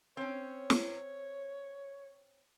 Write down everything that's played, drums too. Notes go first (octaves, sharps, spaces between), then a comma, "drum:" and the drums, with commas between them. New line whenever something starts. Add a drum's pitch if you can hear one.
C4 C#4 C#5
drum: snare